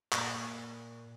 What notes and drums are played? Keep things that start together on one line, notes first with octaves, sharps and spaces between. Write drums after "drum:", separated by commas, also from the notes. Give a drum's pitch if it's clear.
A#2, drum: clap